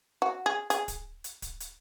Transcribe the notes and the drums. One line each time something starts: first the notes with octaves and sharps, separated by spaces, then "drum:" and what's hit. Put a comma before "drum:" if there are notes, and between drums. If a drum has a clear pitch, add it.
F#4
G#4
G#4, drum: hi-hat
drum: kick D1, hi-hat
drum: hi-hat
drum: kick D1, hi-hat
drum: hi-hat